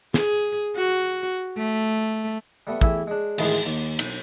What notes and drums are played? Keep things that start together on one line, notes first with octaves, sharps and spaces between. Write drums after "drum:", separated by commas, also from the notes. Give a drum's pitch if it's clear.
G#4, drum: snare
F#4
A3
G3 A3 B3
E2 A3 E4 G4 E5 G#5, drum: kick
G#3 D4
A1 D#3 E3 G#3 G#4 C6, drum: cymbal
D#2
B1, drum: cymbal